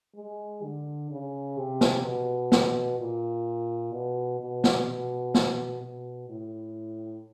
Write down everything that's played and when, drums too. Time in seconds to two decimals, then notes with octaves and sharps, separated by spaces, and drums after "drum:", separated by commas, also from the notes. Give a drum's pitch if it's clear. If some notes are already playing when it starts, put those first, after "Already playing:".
0.15 G#3
0.63 D3
1.11 C#3
1.58 C3
1.81 drum: snare
2.04 B2
2.52 drum: snare
2.99 A#2
3.94 B2
4.40 B2
4.64 drum: snare
4.88 B2
5.34 drum: snare
5.82 B2
6.29 A2